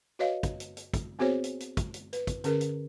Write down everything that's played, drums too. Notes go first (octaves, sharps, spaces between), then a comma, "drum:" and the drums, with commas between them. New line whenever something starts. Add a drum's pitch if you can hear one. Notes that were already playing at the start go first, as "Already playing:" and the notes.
F#4 B4 C#5 D#5 F5
drum: kick, hi-hat
drum: hi-hat
drum: hi-hat
drum: kick, hi-hat
B3 C4 F#4 G#4 C5 C#5
drum: hi-hat
drum: hi-hat
drum: kick, hi-hat
drum: hi-hat
B4, drum: hi-hat
drum: kick, hi-hat
D3 C#4 G#4 A#4, drum: hi-hat
drum: hi-hat